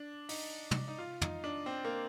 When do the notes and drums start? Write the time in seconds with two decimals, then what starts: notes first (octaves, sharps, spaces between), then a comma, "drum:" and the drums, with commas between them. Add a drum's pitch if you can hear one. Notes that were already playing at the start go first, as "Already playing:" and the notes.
Already playing: D4
0.29 D#4, drum: open hi-hat
0.71 drum: tom
0.88 D#4
0.98 F4
1.21 D#4, drum: tom
1.44 D4
1.66 C4
1.84 A#3